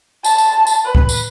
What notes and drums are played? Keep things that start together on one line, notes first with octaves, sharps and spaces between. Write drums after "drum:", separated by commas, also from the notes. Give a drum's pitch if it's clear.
A5, drum: tambourine
drum: tambourine
drum: tambourine
B4
drum: kick
drum: tambourine